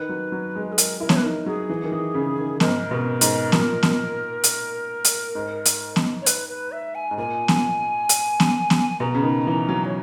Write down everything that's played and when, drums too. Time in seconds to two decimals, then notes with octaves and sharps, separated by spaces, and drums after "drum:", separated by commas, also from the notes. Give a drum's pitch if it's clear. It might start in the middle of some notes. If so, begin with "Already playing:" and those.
Already playing: D#3 B4
0.09 F#3
0.32 F#3
0.56 G#3
0.72 G#4
0.78 A#4, drum: hi-hat
1.00 E4 A#4
1.09 C#5, drum: snare B3
1.16 B4
1.24 D#4 A#4
1.46 F#3 G#4
1.69 E3
1.84 D#3
1.92 E3
2.14 C#3
2.38 D#3
2.60 G#2 A#4, drum: snare B3
2.91 B2
3.21 G#2, drum: hi-hat
3.52 A#2, drum: snare B3
3.83 drum: snare B3
4.44 drum: hi-hat
5.04 drum: hi-hat
5.35 G#2
5.65 drum: hi-hat
5.96 drum: snare B3
6.22 C#5
6.26 B4, drum: hi-hat
6.49 B4
6.72 E5
6.95 G#5
7.11 G#2
7.18 A#2 G#5
7.48 drum: snare B3
8.09 drum: hi-hat
8.40 drum: snare B3
8.70 drum: snare B3
9.00 B2 A#5
9.14 C#3
9.23 D#3
9.47 E3
9.69 F#3
9.85 C#5